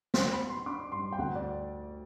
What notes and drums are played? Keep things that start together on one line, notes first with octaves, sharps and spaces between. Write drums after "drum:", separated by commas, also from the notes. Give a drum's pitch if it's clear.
F#3 C6, drum: snare
B5
B3
C6
D4 D6
G2 C6
G5
D2 F#5
D5